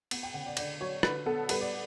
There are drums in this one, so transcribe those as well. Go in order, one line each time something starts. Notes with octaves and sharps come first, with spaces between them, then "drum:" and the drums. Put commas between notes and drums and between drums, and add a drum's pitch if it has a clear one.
B3, drum: cymbal
G5
C#3 F#5
D5
D3 D5, drum: cymbal
F#3 C#5
D3 B4, drum: rim click
B3 A4
G3 B4, drum: cymbal
D5